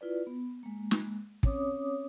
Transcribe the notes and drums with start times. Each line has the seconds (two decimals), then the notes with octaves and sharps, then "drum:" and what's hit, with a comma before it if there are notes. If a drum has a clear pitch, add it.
0.01 E4 F4 B4 D5
0.27 B3
0.63 G#3 A#3
0.91 drum: snare
1.43 C4 C#4 C#5 D6 D#6, drum: kick